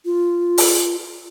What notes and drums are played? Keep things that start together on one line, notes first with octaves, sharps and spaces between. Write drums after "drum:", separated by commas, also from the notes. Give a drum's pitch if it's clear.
F4
drum: open hi-hat